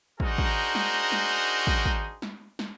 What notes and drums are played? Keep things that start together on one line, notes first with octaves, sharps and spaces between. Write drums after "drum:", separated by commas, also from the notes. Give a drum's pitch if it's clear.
D4 D#4 F#4 G#4 A#4 C5, drum: kick
drum: kick
drum: snare
drum: snare
drum: kick
drum: kick
drum: snare
drum: snare